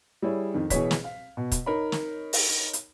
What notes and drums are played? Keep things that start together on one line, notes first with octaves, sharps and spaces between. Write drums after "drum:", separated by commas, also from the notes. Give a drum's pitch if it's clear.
G3 E4 G#4 C#5
F2 D#3
B2 E3 G#4 C#5 B6, drum: kick, hi-hat
drum: snare
F5
B2
drum: kick, hi-hat
D#4 A#4 C#5 B5
drum: snare
drum: open hi-hat
drum: hi-hat